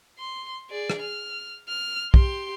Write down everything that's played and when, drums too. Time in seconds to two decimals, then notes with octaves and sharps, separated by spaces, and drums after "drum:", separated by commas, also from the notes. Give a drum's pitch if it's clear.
0.19 C6
0.70 G#4 D5
0.90 drum: rim click
1.02 F6
1.69 F6
2.14 G4 C6, drum: kick